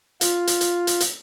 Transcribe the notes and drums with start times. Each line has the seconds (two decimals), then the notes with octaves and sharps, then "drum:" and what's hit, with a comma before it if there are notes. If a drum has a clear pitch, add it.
0.21 F4, drum: hi-hat
0.47 drum: hi-hat
0.61 drum: hi-hat
0.87 drum: hi-hat
1.00 drum: hi-hat